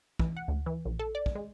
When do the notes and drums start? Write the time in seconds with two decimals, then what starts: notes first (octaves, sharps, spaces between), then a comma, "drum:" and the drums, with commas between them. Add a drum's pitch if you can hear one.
0.19 E3, drum: kick
0.37 F#5
0.48 D2
0.66 E3
0.85 A#1
0.99 A4
1.15 D5
1.26 drum: kick
1.35 G#3